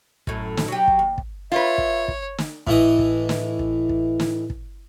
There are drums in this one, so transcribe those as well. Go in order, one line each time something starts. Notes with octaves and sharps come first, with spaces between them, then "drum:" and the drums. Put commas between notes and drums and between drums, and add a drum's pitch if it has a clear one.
F#2 A2, drum: kick
drum: snare
F#3 G4
drum: kick
D#2
drum: kick
F4 B4 C#5 E5
drum: kick
drum: kick
drum: snare
A2 E3 D#5, drum: kick
drum: kick
drum: snare
drum: kick
drum: kick
drum: snare
drum: kick